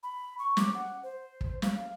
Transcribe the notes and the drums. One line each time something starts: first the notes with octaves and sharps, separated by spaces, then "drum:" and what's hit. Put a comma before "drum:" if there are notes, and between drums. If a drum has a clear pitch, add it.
B5
C#6
D6, drum: snare
F#5
C5
drum: kick
F5, drum: snare